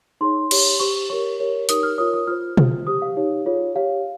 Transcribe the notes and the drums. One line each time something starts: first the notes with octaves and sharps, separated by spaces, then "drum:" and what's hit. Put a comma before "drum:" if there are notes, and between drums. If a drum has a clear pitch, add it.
D#4 G#4 C#5 C6
G4 C#5, drum: cymbal
G4 C5 C#6
G4 A#4 C#5 C#6
G4 A#4 C#5
D#4 G4 A#4 C#5 D#6, drum: hi-hat
F6
F4 A#4 C#5 D#6
D#6
F4 C5 F6
F4 G#4 C5, drum: tom B2
G4 C5 D#6
F5
D#4 G4 C#5
F4 G#4 C#5
G4 C#5 F5